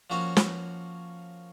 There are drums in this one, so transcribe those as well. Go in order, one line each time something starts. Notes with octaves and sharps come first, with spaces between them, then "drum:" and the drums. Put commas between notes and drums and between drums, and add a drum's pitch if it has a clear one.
F3 A#3 C#4 F#4 C#5
drum: snare